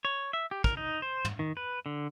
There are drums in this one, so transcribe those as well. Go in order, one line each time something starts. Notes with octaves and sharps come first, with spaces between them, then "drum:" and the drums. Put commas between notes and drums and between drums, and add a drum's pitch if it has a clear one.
C#5
E5
G4
A#4, drum: kick
D#4
C5
drum: tom
D#3
B4
D3